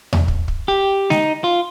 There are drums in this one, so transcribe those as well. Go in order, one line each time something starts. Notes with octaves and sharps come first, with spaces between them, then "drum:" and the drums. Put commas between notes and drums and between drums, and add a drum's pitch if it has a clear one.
drum: tom E2
drum: kick
drum: kick
G4
D#4, drum: snare G#3
F4